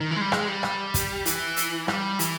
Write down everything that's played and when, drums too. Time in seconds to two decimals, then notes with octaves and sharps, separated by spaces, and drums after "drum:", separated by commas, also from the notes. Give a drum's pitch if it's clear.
0.01 D#3
0.11 E3
0.16 G#3
0.21 G3
0.32 G#3, drum: rim click
0.48 G3
0.63 drum: rim click
0.94 drum: kick, hi-hat
1.26 E3, drum: hi-hat
1.57 drum: hi-hat
1.88 G3, drum: rim click
2.19 E3, drum: hi-hat